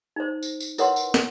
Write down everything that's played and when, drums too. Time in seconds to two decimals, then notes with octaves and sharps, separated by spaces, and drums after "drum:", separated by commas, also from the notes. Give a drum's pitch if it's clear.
0.16 D#4 C5
0.43 drum: tambourine
0.60 drum: tambourine
0.78 E4 A#4 B4 C#5 F#5 C6, drum: tambourine
0.96 drum: tambourine
1.14 drum: snare